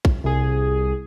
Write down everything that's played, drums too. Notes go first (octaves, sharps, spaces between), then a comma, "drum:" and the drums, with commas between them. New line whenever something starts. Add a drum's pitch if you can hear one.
drum: kick
C2 G#4